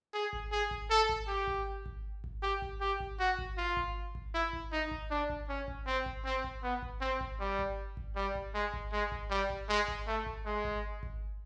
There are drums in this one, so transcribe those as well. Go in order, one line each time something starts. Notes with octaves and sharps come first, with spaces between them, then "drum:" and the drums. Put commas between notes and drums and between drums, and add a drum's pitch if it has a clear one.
G#4
drum: kick G#1
G#4
drum: kick G#1
A4
drum: kick G#1
G4
drum: kick G#1
drum: kick G#1
drum: kick G#1
G4
drum: kick G#1
G4
drum: kick G#1
F#4
drum: kick G#1
F4
drum: kick G#1
drum: kick G#1
E4
drum: kick G#1
D#4
drum: kick G#1
D4
drum: kick G#1
C#4
drum: kick G#1
C4
drum: kick G#1
C4
drum: kick G#1
B3
drum: kick G#1
C4
drum: kick G#1
G3
drum: kick G#1
drum: kick G#1
G3
drum: kick G#1
G#3
drum: kick G#1
G#3
drum: kick G#1
G3
drum: kick G#1
G#3
drum: kick G#1
A3
drum: kick G#1
G#3
drum: kick G#1
drum: kick G#1